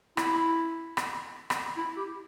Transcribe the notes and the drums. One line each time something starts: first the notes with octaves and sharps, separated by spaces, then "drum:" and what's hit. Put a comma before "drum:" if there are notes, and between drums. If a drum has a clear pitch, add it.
E4, drum: rim click
drum: rim click
drum: rim click
E4
G4